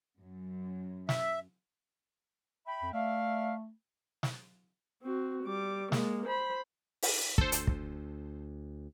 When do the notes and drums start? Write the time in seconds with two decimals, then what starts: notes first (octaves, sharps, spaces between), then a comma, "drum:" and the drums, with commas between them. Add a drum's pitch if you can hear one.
0.21 F#2
1.09 E5, drum: snare
2.66 E5 G5 B5
2.82 F2
2.93 A3 D5 E5 F5
4.23 drum: snare
5.02 C4 F#4
5.44 G3 D6
5.92 G#3 A#3, drum: snare
6.26 C5 B5
7.02 drum: open hi-hat
7.38 D2 A4 C5, drum: kick
7.52 drum: hi-hat
7.67 drum: kick